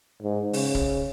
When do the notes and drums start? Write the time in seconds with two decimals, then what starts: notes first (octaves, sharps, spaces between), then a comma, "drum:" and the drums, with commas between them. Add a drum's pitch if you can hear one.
0.23 G#2
0.53 C#3, drum: open hi-hat
0.75 drum: kick